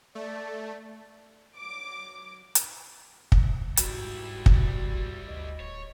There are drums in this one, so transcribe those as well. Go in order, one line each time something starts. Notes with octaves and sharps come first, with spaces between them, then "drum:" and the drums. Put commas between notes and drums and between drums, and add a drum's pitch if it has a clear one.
A3 D5
F#3 D6
drum: hi-hat
D2, drum: kick
G#2 G3 E4 F#4, drum: hi-hat
drum: kick
G#1
D2 D#5
D1 C#5